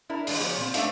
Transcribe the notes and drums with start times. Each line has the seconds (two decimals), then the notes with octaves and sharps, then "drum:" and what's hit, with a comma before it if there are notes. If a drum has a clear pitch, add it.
0.09 D4 E4 A#4
0.27 G#2 E3 G#3, drum: open hi-hat
0.40 F3 F#3 B3 G#4 C#5 D5
0.57 A#2 C4
0.74 A3 D4 D5 E5 F5, drum: hi-hat